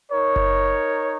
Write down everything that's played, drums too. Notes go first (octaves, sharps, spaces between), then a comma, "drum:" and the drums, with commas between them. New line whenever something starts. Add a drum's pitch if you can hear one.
D#4 A#4 C#5
drum: kick F#1